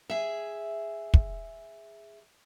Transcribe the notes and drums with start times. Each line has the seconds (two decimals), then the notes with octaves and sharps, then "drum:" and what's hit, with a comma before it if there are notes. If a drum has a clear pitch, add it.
0.10 G#4 E5
1.14 drum: kick